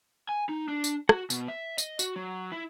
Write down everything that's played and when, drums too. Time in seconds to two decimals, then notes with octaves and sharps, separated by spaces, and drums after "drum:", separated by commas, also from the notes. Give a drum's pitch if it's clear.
0.29 G#5
0.49 D#4
0.68 D4
0.84 drum: tambourine
1.09 F#4, drum: rim click
1.30 B2, drum: tambourine
1.48 E5
1.78 D#5, drum: tambourine
1.99 F#4, drum: tambourine
2.16 F#3
2.52 E4